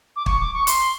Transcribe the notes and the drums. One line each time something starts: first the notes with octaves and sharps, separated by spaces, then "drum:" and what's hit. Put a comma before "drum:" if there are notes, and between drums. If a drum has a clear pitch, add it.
D6
C#6, drum: kick
D6
C#6
C6, drum: hi-hat